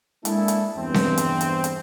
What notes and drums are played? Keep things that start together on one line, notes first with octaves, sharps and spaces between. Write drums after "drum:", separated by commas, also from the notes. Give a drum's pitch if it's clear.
G#3 A#3 D4 E4 G#4 A4, drum: hi-hat
drum: hi-hat
E2 G2 C4
drum: snare C4
drum: hi-hat
drum: hi-hat
drum: hi-hat